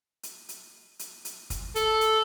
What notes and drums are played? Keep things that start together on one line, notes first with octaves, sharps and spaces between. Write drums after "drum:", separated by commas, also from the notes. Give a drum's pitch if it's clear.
drum: hi-hat
drum: hi-hat
drum: hi-hat
drum: hi-hat
drum: kick, hi-hat
A4, drum: hi-hat
drum: hi-hat